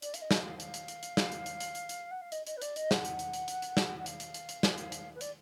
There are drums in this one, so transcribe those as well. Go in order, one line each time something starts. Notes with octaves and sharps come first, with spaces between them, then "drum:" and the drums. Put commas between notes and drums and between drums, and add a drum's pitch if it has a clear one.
D5, drum: hi-hat
F5, drum: hi-hat
D#5
drum: snare
F5
F5, drum: hi-hat
drum: hi-hat
drum: hi-hat
drum: hi-hat
drum: snare
drum: hi-hat
drum: hi-hat
drum: hi-hat
drum: hi-hat
drum: hi-hat
F#5
F5
D#5, drum: hi-hat
D#5, drum: hi-hat
B4
D5, drum: hi-hat
D#5, drum: hi-hat
F#5, drum: snare
drum: hi-hat
drum: hi-hat
drum: hi-hat
drum: hi-hat
drum: hi-hat
drum: snare
F#5
F5, drum: hi-hat
drum: hi-hat
drum: hi-hat
drum: hi-hat
drum: snare
drum: hi-hat
drum: hi-hat
B4
D5, drum: hi-hat